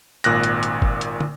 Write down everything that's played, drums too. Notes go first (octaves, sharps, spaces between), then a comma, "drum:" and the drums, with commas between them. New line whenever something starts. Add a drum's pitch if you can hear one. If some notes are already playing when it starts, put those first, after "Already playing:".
G#1 A#2 F#6 A#6, drum: hi-hat
drum: hi-hat
drum: hi-hat
drum: kick G1
drum: hi-hat
drum: tom